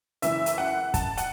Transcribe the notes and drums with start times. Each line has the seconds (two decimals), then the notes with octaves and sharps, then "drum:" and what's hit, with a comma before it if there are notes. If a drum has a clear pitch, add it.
0.22 F#2 C#3 E3 E5, drum: hi-hat
0.46 drum: hi-hat
0.58 F#5
0.94 A5, drum: kick, hi-hat
1.18 F#5, drum: hi-hat